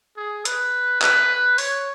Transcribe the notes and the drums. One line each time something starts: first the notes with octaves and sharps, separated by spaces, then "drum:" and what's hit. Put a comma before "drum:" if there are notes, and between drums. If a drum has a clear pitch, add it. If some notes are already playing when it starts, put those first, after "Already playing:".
G#4
B4, drum: hi-hat
B4, drum: clap
C#5, drum: open hi-hat